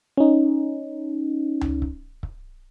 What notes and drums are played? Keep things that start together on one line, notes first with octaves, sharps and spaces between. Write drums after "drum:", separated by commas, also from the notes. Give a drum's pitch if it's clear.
C#4 D#4
drum: tom C#2
drum: kick C#1
drum: kick C#1